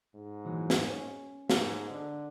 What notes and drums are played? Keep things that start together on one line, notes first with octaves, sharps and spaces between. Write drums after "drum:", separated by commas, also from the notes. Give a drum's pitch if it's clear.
G#2
A#2 E3 F#3
drum: snare
C#4 C#5 G#5
G#2, drum: snare
D3